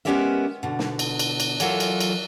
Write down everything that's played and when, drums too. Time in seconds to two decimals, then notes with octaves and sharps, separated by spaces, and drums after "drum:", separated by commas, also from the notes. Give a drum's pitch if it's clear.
0.05 G#3 B3 C#4 G4 A#4 E5
0.63 B2 D3
0.79 drum: snare
0.99 drum: cymbal
1.19 drum: cymbal
1.40 drum: cymbal
1.60 E3 F#3 F4 A4 A#4, drum: cymbal
1.80 drum: cymbal
2.00 drum: cymbal